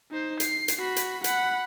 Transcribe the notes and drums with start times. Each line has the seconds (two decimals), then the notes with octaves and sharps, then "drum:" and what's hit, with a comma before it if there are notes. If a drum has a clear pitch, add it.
0.11 D#4 C5
0.40 C7, drum: hi-hat
0.68 drum: hi-hat
0.79 F#4 B5
0.96 drum: hi-hat
1.24 F#5 B5, drum: hi-hat